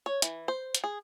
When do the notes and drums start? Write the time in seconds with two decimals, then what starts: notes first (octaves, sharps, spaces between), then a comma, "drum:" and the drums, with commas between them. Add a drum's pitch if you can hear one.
0.06 C#5
0.22 E3, drum: hi-hat
0.48 C5
0.75 drum: hi-hat
0.84 G#4